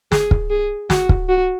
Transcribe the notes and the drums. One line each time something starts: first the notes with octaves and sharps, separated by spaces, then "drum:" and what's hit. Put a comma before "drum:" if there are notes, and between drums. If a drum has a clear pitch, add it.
G#4, drum: snare
drum: kick
G#4
F#4, drum: snare
drum: kick
F#4